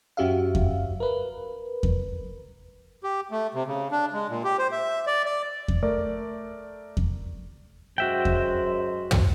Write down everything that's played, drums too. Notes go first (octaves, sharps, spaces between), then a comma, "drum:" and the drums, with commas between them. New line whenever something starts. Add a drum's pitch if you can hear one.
F#2 C#4 F#4 G4 E5 F5
drum: kick E2
A#4 B4
drum: kick E2
G4
A3
C3
C#3
D4
G#3
A#2
G4
C5
E5
D5
D5
drum: kick E2
A3 A#4 D5
drum: kick E2
F#2 G#3 F#4 C5 E5 G5
drum: kick E2
drum: tom